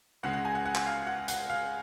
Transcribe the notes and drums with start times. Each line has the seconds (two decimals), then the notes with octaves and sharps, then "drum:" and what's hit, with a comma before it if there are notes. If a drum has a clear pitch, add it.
0.23 C#2 C#3 G#3 F#5
0.33 F#5
0.45 G#5
0.55 F#5
0.65 F#5
0.75 drum: clap
0.86 F5
1.07 F#5
1.28 F#5, drum: hi-hat
1.50 F5